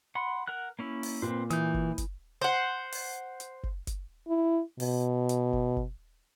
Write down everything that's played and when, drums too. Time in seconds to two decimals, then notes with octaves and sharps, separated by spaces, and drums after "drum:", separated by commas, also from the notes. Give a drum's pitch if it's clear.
0.15 F#5 B5 C6
0.47 A#4 F#5 F#6
0.79 A#3 C#4 E4
1.03 drum: open hi-hat
1.22 A#2 C4 B4 C5
1.50 E3 D#6 G6, drum: hi-hat
1.74 drum: kick F#1
1.98 drum: kick F#1, hi-hat
2.41 C5 F#5
2.92 drum: open hi-hat
3.40 drum: hi-hat
3.63 drum: kick F#1
3.87 drum: kick F#1, hi-hat
4.29 E4
4.80 B2, drum: open hi-hat
5.29 drum: hi-hat
5.53 drum: kick F#1
5.76 drum: kick F#1